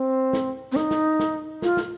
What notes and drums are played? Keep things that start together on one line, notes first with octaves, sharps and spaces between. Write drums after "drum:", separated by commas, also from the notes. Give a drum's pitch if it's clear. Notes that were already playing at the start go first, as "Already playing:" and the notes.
Already playing: C4
drum: snare
C4
D#4, drum: snare
drum: snare
drum: snare
F4, drum: snare
drum: snare